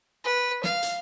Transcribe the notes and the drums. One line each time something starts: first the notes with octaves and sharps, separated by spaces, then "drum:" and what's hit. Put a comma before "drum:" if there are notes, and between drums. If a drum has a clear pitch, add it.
B4
F5, drum: snare
drum: hi-hat